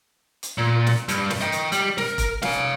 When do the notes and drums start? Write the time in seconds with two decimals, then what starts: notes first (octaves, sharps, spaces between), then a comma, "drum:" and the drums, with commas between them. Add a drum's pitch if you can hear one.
0.43 drum: hi-hat
0.58 A#2
0.87 drum: snare
1.08 G2, drum: hi-hat
1.30 drum: snare
1.41 D#5 G5
1.52 drum: hi-hat
1.72 G3, drum: hi-hat
1.98 A#4, drum: snare
2.18 drum: kick E1, hi-hat
2.42 F5 G#5, drum: snare